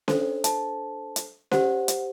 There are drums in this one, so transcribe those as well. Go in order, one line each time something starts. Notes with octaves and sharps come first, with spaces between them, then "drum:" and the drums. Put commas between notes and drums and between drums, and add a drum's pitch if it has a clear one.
D4 A4 C5, drum: snare C#4
A5, drum: hi-hat
drum: hi-hat
G4 C5 F#5, drum: snare C#4
drum: hi-hat